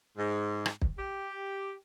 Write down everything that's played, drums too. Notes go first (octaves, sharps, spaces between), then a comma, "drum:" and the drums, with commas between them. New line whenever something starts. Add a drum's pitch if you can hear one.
G#2
drum: rim click
drum: kick
G4